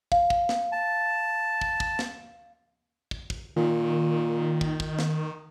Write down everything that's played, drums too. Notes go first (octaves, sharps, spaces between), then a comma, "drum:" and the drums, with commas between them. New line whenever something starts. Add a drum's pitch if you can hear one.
F5, drum: kick
drum: kick
drum: snare
A5
drum: kick
drum: kick
drum: snare
drum: kick
drum: kick
A#2 D#3
drum: kick
drum: kick
drum: snare